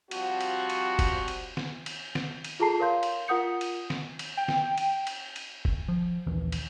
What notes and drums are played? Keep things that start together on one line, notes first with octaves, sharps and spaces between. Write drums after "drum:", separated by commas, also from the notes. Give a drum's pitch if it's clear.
F3 G3 C4 F4 F#4, drum: cymbal
drum: cymbal
drum: cymbal
drum: kick F1, cymbal
drum: cymbal
drum: snare
drum: cymbal
drum: snare
drum: cymbal
F4 G#4 A4 A5 A#5 C7
A#4 C#5 F5 C6 G6
drum: cymbal
F4 A#4 F#5 D#6 G6 C#7
drum: cymbal
drum: snare
drum: cymbal
G5
drum: snare
drum: cymbal
drum: cymbal
drum: cymbal
drum: kick F1
F3
A#1 D#2 E3
drum: cymbal